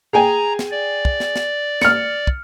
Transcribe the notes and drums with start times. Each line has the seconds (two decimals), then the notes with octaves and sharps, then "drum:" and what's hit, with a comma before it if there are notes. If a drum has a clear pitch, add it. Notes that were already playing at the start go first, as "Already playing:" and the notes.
0.13 G#4 G5 G#5 A#5
0.59 drum: snare
0.71 D5
1.05 drum: kick
1.20 drum: snare
1.36 drum: snare
1.81 F6 C#7, drum: snare
2.27 drum: kick